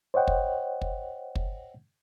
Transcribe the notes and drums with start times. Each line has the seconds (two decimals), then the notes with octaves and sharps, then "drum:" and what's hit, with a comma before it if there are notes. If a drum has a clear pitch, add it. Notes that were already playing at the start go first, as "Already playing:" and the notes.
0.14 C5 C#5 D#5 F#5 G5
0.28 drum: kick
0.81 drum: kick
1.35 drum: kick